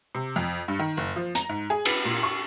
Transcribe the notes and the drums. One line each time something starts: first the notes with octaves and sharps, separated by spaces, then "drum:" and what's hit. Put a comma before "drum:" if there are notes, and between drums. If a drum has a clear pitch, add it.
C3
F2
G2
D#3
F#1
F3
A#5, drum: hi-hat
G#2
G#4
B4, drum: cymbal
A#2
C#6